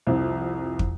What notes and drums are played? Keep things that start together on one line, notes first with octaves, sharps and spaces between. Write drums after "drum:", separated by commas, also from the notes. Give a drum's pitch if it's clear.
C2 F2
drum: kick